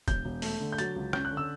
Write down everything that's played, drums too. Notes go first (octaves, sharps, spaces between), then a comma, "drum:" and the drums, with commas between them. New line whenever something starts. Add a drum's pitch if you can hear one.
E1 G6, drum: kick, hi-hat
E1
A3, drum: open hi-hat
D3
G6
F#3 A6, drum: hi-hat
C#2
C#4 G6, drum: rim click
F#6
D3
E6